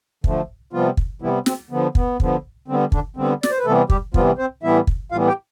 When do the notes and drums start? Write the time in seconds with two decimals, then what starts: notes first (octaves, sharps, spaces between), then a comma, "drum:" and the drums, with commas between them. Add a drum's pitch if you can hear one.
0.24 D3 F3 A3, drum: kick
0.73 C3 F3 G3 B3 F4
0.97 drum: kick
1.22 C3 E3 G3 B3 E4
1.46 C4, drum: snare
1.71 D3 F3 B3
1.95 B3, drum: kick
2.20 D3 F3 B3, drum: kick
2.68 D3 G3 B3 C4
2.92 D3 D4, drum: kick
3.16 D3 G3 B3 C4
3.43 D5, drum: snare
3.51 C5
3.58 B4
3.65 C3 E3 G3 A3 B3 A4
3.90 G3 G4, drum: kick
4.14 C3 E3 F3 G3 B3 F4, drum: kick
4.38 C4 C5
4.63 A2 E3 G3 B3 E4 E5
4.87 drum: kick
5.12 A2 E3 G3 B3 F4 F5
5.28 G4 G5